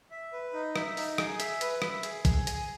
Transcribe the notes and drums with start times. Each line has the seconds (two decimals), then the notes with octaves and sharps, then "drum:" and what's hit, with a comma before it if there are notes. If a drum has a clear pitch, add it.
0.11 E5
0.33 B4
0.53 D#4
0.76 E5, drum: rim click
0.97 D#4, drum: open hi-hat
1.18 G#4, drum: rim click
1.40 E5, drum: hi-hat
1.61 B4, drum: hi-hat
1.82 E5, drum: rim click
2.03 G#4, drum: hi-hat
2.25 G#4, drum: kick, hi-hat
2.47 G#5, drum: hi-hat